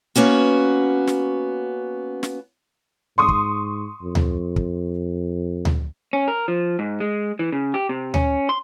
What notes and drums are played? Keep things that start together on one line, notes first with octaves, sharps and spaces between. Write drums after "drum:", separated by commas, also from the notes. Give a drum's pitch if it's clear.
A#3 B3 C#4 F#4
drum: snare
drum: snare
G#2 C6 C#6 D#6
drum: kick
F2
drum: tom D2
drum: kick
drum: tom D2
C#4
A#4
F3
G#2
G#3
E3
C#3
G4
C3
C#4, drum: tom D2
C6